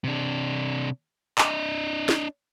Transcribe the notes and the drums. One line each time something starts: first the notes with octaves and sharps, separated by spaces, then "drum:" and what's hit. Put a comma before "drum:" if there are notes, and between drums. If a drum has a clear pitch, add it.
C3 D4
D4 D#5, drum: clap
drum: snare